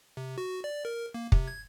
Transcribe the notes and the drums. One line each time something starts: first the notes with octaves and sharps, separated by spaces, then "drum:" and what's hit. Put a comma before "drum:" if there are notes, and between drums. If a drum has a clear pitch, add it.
C3
F#4
D5
A#4
A#3
C3, drum: kick
G#6